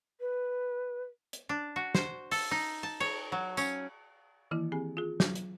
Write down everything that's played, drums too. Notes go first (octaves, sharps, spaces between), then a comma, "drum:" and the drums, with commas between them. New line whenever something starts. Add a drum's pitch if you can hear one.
B4
drum: hi-hat
D4
F#4
C5, drum: snare
A4, drum: open hi-hat
D#4
A5
C#5, drum: cymbal
F#3
C#4, drum: tambourine
D#3 E3 A#3 E4
C4 G4 G#4 G#5
F4 G#4
F#3, drum: snare
drum: hi-hat